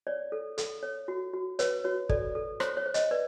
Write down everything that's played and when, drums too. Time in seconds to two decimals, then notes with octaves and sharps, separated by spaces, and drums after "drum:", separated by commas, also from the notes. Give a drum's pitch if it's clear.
0.07 C#5 D5
0.32 A4
0.58 A4, drum: hi-hat
0.83 C#5
1.08 F#4
1.34 F#4
1.59 B4 C#5, drum: hi-hat
1.84 F#4 C#5
2.09 A4 D5, drum: kick
2.35 A4
2.60 C5 C#5, drum: rim click
2.77 C#5
2.86 C5
2.94 C#5 D#5, drum: hi-hat
3.11 B4 D5